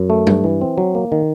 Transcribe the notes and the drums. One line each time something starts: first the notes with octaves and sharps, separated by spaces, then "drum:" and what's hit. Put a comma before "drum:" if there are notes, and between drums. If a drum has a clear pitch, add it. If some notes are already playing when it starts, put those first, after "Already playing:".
Already playing: F#2
A3
G2, drum: tom F#3
E3
C4
F#3
A#3
D#3